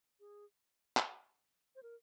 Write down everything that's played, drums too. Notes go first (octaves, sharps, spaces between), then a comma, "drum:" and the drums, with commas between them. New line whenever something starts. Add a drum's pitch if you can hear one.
G#4
drum: clap
C5
A#4